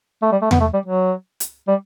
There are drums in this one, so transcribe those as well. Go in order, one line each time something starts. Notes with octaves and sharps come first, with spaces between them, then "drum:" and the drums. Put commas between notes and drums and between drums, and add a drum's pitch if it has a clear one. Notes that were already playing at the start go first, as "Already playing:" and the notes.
A3
G3
A3
B3, drum: tom E2
A3
G3
F#3
drum: hi-hat
G3